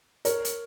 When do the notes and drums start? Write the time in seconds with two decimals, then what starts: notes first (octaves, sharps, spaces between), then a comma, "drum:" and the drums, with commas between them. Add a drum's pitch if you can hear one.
0.25 A#4 C#5, drum: hi-hat
0.45 drum: hi-hat